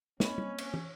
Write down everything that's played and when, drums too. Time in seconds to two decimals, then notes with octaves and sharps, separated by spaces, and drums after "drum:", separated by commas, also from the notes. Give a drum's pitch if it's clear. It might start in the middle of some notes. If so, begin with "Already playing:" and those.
0.20 A#3 C4 C#4 C#5 D#5 B5, drum: snare
0.38 drum: tom G3
0.58 C#5, drum: cymbal
0.74 drum: tom